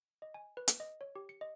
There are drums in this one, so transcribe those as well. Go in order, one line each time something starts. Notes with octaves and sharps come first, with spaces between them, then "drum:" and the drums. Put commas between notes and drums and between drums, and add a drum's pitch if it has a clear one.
D#5
G#5
B4
drum: hi-hat
D#5
C#5
G4
C#7
D#5